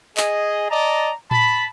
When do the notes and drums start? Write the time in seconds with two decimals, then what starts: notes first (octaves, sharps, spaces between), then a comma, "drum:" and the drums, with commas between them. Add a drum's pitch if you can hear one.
0.17 G#4 D#5, drum: clap
0.70 D5 D#5 A5 A#5
1.31 A5 B5, drum: tom A2